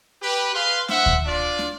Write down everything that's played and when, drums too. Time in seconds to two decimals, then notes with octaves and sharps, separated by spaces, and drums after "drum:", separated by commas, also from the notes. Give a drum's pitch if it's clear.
0.23 G4 B4
0.54 G#4 B4 F5 C6
0.88 C5 E5 F#5, drum: snare
1.06 drum: kick D2
1.25 D4 F4 D5
1.58 drum: snare